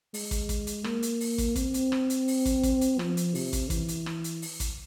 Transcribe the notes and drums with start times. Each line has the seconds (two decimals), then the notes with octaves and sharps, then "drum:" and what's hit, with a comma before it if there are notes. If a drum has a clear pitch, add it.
0.14 G#3, drum: open hi-hat
0.31 drum: kick, hi-hat
0.49 drum: kick, hi-hat
0.67 drum: hi-hat
0.84 A#3, drum: rim click
1.03 drum: hi-hat
1.20 drum: open hi-hat
1.38 drum: kick, hi-hat
1.56 C4, drum: kick, hi-hat
1.74 drum: hi-hat
1.92 drum: rim click
2.10 drum: hi-hat
2.28 drum: open hi-hat
2.45 drum: kick, hi-hat
2.63 drum: kick, hi-hat
2.81 drum: hi-hat
2.99 F3, drum: rim click
3.17 drum: hi-hat
3.35 C3, drum: open hi-hat
3.53 drum: kick, hi-hat
3.70 E3, drum: kick, hi-hat
3.88 drum: hi-hat
4.06 drum: rim click
4.24 drum: hi-hat
4.42 drum: open hi-hat
4.60 drum: kick, hi-hat